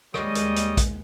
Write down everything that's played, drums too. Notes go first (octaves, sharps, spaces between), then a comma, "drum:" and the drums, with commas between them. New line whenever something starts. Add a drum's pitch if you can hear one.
D#2 G3 G#3 C#5 D#5, drum: rim click
drum: hi-hat
drum: hi-hat
drum: kick A#1, hi-hat